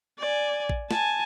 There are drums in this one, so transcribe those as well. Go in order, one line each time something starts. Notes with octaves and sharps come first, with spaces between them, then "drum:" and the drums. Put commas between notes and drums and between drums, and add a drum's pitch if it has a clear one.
D5 G#5
drum: kick A1
G#5 A5, drum: snare